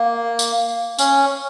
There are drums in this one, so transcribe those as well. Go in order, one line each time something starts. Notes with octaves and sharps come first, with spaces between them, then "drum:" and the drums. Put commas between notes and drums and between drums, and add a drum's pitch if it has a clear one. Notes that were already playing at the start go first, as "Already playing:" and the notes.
Already playing: A#3
drum: tambourine
C#4, drum: tambourine